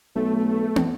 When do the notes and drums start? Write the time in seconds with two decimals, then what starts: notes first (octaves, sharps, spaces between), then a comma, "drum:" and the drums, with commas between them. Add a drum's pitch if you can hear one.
0.16 B1 A3
0.76 drum: tom